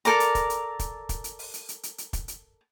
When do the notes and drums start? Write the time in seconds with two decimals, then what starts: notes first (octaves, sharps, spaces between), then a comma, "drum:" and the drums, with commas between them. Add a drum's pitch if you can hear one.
0.05 A4 A#4 D5 A#5, drum: hi-hat
0.20 drum: hi-hat
0.35 drum: kick, hi-hat
0.50 drum: hi-hat
0.79 drum: kick, hi-hat
1.09 drum: kick, hi-hat
1.24 drum: hi-hat
1.39 drum: open hi-hat
1.54 drum: hi-hat
1.69 drum: hi-hat
1.83 drum: hi-hat
1.98 drum: hi-hat
2.13 drum: kick, hi-hat
2.28 drum: hi-hat